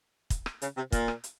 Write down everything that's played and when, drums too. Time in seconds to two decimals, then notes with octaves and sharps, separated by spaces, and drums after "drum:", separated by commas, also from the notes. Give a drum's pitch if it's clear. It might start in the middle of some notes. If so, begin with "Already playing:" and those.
0.30 drum: kick, hi-hat
0.46 drum: rim click
0.62 C#3, drum: hi-hat
0.77 C3
0.92 A#2, drum: kick, hi-hat
1.08 drum: rim click
1.24 drum: hi-hat